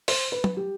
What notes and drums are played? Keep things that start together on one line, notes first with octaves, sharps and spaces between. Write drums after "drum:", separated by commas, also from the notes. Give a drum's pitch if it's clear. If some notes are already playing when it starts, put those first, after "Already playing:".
C5, drum: open hi-hat
B4
drum: tom F#3
G4